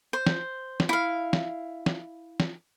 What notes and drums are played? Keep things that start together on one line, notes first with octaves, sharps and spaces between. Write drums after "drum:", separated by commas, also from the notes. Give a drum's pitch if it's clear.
C5
drum: snare
drum: snare
E4 F5
drum: snare
drum: snare
drum: snare